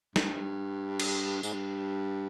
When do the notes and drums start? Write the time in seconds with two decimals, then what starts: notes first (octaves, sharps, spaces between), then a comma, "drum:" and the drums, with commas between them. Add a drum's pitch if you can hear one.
0.16 G2, drum: snare
1.00 drum: cymbal
1.43 G#2, drum: tambourine
1.53 G2